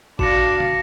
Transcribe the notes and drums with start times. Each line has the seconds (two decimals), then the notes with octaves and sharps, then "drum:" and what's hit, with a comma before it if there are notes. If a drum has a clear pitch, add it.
0.19 D4 F#4 D5 F5 A#6 C#7 E7, drum: kick G#1
0.60 drum: tom